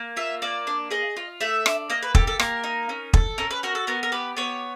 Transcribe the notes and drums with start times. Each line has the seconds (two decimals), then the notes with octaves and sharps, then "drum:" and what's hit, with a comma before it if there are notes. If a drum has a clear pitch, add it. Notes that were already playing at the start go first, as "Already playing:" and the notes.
Already playing: A#3
0.16 F4 E5
0.42 A#3 D5
0.67 D4
0.91 G#4 D#5
1.17 F4
1.41 A3 E5
1.66 D4, drum: rim click
1.90 A#3 D#5
2.03 B4
2.15 G4 A4, drum: kick
2.27 A4
2.39 A#3 A#4, drum: rim click
2.64 D#4
2.89 C#4
3.13 A4, drum: kick
3.38 C#4 A#4
3.51 B4
3.63 F#4 A#4
3.75 A4
3.87 B3 A#4
4.03 A#4
4.12 G4 B4
4.37 B3 C#5